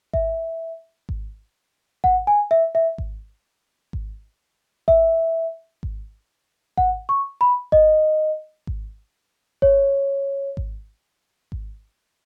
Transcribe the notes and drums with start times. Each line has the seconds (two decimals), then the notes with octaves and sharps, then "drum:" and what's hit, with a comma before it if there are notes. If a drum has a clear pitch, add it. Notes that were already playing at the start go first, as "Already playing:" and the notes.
0.13 E5, drum: kick G#1
1.09 drum: kick G#1
2.04 F#5, drum: kick G#1
2.27 G#5
2.51 E5
2.75 E5
2.98 drum: kick G#1
3.93 drum: kick G#1
4.88 E5, drum: kick G#1
5.83 drum: kick G#1
6.78 F#5, drum: kick G#1
7.09 C#6
7.41 B5
7.72 D#5, drum: kick G#1
8.67 drum: kick G#1
9.62 C#5, drum: kick G#1
10.57 drum: kick G#1
11.52 drum: kick G#1